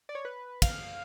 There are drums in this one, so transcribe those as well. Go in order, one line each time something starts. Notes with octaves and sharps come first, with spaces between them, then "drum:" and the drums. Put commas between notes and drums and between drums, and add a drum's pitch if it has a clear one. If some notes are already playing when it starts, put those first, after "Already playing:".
D5
C#5
B4
F5, drum: kick, cymbal